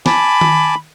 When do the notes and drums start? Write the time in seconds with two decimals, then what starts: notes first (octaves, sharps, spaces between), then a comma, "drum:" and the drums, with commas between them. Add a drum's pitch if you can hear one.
0.06 G#5 A5 B5 D6, drum: snare
0.41 drum: tom D#3